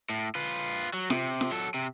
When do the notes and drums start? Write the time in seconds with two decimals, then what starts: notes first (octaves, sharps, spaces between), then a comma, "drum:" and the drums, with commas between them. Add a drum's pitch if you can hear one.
0.10 A2
0.35 F4 B4
0.94 F#3
1.10 C3, drum: snare F4
1.41 drum: snare F4
1.51 F#3 A4
1.74 C3